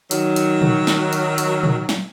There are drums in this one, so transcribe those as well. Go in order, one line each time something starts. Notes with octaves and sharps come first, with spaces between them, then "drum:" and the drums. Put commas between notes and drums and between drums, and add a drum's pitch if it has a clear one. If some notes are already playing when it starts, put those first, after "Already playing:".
D#3 F#3, drum: hi-hat
drum: hi-hat
drum: tom
drum: snare
drum: hi-hat
drum: hi-hat
drum: tom
drum: snare